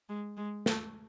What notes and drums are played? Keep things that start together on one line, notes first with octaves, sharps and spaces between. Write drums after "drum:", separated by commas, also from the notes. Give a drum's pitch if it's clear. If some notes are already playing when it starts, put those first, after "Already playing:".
G#3
G#3
A3, drum: snare